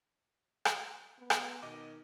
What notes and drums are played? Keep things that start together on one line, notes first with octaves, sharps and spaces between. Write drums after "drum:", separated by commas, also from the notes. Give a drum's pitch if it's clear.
drum: rim click
B3
drum: rim click
B2 D#3 D#5 D6